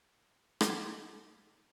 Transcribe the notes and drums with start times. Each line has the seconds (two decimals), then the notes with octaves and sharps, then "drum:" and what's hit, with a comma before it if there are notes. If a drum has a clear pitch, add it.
0.23 G#2 D#3 F3
0.61 drum: rim click